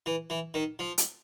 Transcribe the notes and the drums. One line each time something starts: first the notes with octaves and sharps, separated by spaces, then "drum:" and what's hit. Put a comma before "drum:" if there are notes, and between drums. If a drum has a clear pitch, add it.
E3
E3
D#3
F3
drum: hi-hat